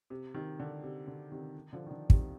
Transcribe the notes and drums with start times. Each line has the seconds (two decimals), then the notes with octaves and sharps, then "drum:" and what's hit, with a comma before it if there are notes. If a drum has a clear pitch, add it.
0.10 C3
0.34 C3 D#3
0.60 D3
0.84 C3
1.07 D3
1.31 C3 D#3
1.73 D3 F3
1.86 D#3
1.91 D3
2.10 C3 D#3, drum: kick